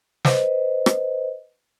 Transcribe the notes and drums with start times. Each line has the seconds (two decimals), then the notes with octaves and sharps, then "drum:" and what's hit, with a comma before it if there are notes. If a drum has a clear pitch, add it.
0.25 B4 C5 D#5, drum: snare
0.86 drum: rim click